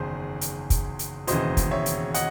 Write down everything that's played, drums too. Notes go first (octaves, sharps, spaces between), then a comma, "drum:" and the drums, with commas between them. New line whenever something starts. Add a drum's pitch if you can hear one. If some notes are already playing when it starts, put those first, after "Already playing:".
Already playing: F#1 E2 D#3 G#4 C5
drum: hi-hat
drum: kick, hi-hat
drum: hi-hat
E1 D#2 C#3 E3 C5 D#5, drum: hi-hat
drum: kick, hi-hat
C#5 E5
drum: hi-hat
D#5 F#5, drum: hi-hat